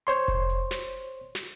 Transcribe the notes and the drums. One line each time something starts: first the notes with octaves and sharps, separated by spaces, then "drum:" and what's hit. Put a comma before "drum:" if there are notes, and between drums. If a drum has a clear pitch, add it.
C5 C#5 C6, drum: hi-hat
drum: kick F1, hi-hat
drum: hi-hat
drum: snare
drum: hi-hat
drum: snare